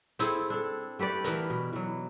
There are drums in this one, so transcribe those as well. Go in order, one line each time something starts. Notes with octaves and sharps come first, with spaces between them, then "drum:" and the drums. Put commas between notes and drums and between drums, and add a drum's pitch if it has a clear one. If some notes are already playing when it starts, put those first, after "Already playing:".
C4 E4 G#4 A4, drum: hi-hat
D4 A4
A3 G4 B4 D5
E3 B3 A#4, drum: hi-hat
B2
E3 F#3